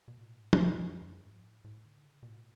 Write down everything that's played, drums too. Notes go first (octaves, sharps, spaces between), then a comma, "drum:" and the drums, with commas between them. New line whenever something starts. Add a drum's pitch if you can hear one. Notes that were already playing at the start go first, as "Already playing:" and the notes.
B2
A2
G#2
G#2, drum: tom
F#2
F#2
F#2
G#2
A2
A2
D3
C#3
B2
A2